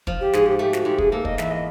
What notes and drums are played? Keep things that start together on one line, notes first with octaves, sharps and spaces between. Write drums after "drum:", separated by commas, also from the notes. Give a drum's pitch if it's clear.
F3, drum: kick
G4
G#2 G#4, drum: snare
G4
A3 G4
F#4, drum: snare
G#2 G4
G#4, drum: kick
A#3 A4
D#5, drum: kick
E2 E5, drum: snare
D#5